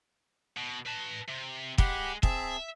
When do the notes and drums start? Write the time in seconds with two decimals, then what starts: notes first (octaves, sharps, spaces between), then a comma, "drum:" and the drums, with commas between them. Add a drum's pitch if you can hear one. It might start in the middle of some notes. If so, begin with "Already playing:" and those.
0.57 B2
0.87 B4 A5
1.29 C3
1.78 G#3 G4 F#5 B5, drum: kick
2.23 C4 G#4 E5 A5, drum: kick